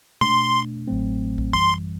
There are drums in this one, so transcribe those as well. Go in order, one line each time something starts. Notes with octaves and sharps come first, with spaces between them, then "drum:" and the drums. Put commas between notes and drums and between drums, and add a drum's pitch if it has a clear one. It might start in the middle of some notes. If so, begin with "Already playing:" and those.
B2 A3 D4 C6, drum: tom
A1 A2 F#3 A3 C4
drum: kick
F#2 E3 G3 C6, drum: kick